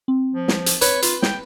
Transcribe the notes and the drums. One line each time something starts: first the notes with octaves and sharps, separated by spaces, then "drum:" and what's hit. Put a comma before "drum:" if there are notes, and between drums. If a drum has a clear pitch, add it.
C4
F3
drum: snare
drum: hi-hat
B4 C#5, drum: hi-hat
F4, drum: hi-hat
G5, drum: snare